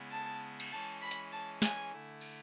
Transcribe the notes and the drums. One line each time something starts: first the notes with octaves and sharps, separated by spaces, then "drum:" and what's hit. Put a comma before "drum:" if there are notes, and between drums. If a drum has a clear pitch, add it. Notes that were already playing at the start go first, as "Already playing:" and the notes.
Already playing: C#3 G#3 B3 E4
A5
drum: cymbal
E3 G#3 C#4 A5
B5
drum: hi-hat
A5
G#5, drum: snare
D3 A3 E4
drum: cymbal